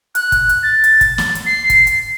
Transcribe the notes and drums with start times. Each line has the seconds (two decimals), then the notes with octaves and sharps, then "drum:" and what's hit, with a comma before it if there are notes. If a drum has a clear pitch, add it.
0.15 F#6, drum: hi-hat
0.32 drum: kick, hi-hat
0.49 drum: hi-hat
0.63 A6
0.84 drum: hi-hat
1.01 drum: kick, hi-hat
1.18 drum: snare
1.35 drum: hi-hat
1.46 C7
1.70 drum: kick, hi-hat
1.87 drum: hi-hat